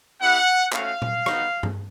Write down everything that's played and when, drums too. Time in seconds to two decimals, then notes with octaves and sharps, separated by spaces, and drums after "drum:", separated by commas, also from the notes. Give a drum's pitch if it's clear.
0.20 B3 E4 G4 F#5
0.73 A3 C#4 F#4 F5, drum: clap
1.02 drum: tom A#2
1.26 B3 D#4 F#4, drum: rim click
1.63 drum: tom G2